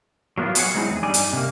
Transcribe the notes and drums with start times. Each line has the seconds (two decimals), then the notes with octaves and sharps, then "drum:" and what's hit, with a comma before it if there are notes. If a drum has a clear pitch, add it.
0.38 F#3 A#3 B3 E4 F4
0.55 F#3 B3 G#4 C5 C#5 F#5, drum: hi-hat
0.75 F#3 G#3 C4 D#4 E4 G#4
0.88 E2 G#4
1.03 G2 G3 D#4 D5 G#5
1.14 drum: hi-hat
1.33 C3 A#3